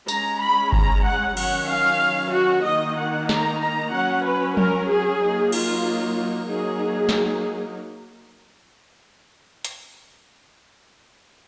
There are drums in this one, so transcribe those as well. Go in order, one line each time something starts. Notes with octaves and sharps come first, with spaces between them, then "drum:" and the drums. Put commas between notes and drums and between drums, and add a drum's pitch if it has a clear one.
G#3 C#4 A#5, drum: tambourine
B5
A#5, drum: kick G1
F#5
D#3 F#3 C#4 F#5, drum: cymbal
F5
F#4
D#3 A#3 D#4 D#5
F#5
A#5, drum: snare
A#5
F#3 C#4 F#5
B4
A#4, drum: tom F3
G#4
F#3 A#3 D#4
F4, drum: cymbal
F#3 A#3 D#4 G#4
drum: snare
drum: hi-hat